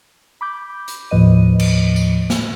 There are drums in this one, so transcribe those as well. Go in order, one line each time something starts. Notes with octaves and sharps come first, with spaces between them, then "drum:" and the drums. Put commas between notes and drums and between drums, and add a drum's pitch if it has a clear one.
B5 D6 G6
drum: hi-hat
D#2 A2 F3 B4 D#5 D#7
drum: cymbal
drum: tambourine
drum: snare